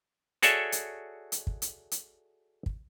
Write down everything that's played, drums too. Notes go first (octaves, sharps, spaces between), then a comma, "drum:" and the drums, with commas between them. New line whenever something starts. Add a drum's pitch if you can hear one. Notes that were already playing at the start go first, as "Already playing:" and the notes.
F#4 G#4 A4 C#5 D5 E5, drum: hi-hat
drum: hi-hat
drum: hi-hat
drum: kick
drum: hi-hat
drum: hi-hat
drum: kick